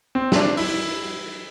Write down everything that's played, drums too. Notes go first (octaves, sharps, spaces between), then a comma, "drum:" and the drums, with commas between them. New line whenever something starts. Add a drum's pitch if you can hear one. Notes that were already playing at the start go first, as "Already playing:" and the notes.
C4
C4, drum: snare
D4
E4, drum: open hi-hat